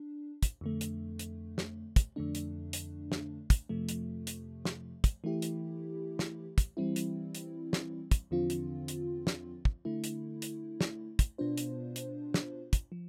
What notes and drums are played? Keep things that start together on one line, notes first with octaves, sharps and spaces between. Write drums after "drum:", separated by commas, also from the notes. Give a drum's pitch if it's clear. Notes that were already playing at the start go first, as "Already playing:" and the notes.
Already playing: D4
drum: kick, hi-hat
F2 D3 A3
drum: hi-hat
drum: hi-hat
drum: snare
drum: kick, hi-hat
F2 D3 A3 D4
drum: hi-hat
drum: hi-hat
drum: snare
drum: kick, hi-hat
F2 C3 F3 A3
drum: hi-hat
drum: hi-hat
drum: snare
drum: kick, hi-hat
E3 A3 E4 G4
drum: hi-hat
drum: snare
drum: kick, hi-hat
E3 G3 C4 E4
drum: hi-hat
drum: hi-hat
drum: snare
drum: kick, hi-hat
E2 D3 F3 C4 F4
drum: hi-hat
drum: hi-hat
drum: snare
drum: kick
D3 A3 E4
drum: hi-hat
drum: hi-hat
drum: snare
drum: kick, hi-hat
B2 B3 D4 F4 C5
drum: hi-hat
drum: hi-hat
drum: snare
drum: kick, hi-hat
F3